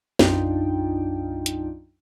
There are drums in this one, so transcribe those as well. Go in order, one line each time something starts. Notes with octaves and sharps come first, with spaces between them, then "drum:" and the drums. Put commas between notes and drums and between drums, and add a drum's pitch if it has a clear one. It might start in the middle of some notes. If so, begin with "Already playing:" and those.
B1 F#2 D4 D#4 F4 G5, drum: snare
drum: hi-hat